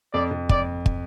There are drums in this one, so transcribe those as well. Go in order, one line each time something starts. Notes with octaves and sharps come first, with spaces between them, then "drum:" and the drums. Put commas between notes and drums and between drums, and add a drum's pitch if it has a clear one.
F2 D5
F2
F2 D5, drum: kick
drum: kick